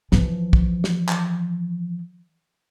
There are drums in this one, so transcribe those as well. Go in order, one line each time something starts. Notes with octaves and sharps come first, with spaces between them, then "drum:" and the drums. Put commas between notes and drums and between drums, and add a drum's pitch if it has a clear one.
E3 F3, drum: snare
drum: kick
drum: snare
drum: clap